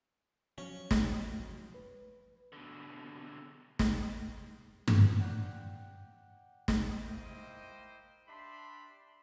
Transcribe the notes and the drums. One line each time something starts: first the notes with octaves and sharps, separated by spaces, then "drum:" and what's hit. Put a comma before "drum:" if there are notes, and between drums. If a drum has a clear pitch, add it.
F3 F#3 C#4
drum: snare
B4
B2 D3
drum: snare
drum: tom G2
D5 F#5 G5
drum: snare
A#3 E4 C5 D#5 F5 G5
D4 G4 E5 B5 C6